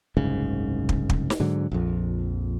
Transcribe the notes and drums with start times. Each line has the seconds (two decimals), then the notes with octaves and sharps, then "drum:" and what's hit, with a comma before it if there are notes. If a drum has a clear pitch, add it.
0.17 F#1 C2 G#2 C#3
0.89 drum: kick
1.10 drum: kick
1.30 drum: snare
1.40 G#2 D3 F#3
1.72 A#1 F2